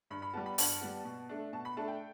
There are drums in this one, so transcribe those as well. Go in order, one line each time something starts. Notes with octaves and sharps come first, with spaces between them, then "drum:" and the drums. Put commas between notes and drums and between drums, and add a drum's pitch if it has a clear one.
G2 B5
B5
G3 B3 A5
B5
G2 A5, drum: open hi-hat
G3 B3
B2
A3 D4
B2 A5
B5
A3 D4 A5
G5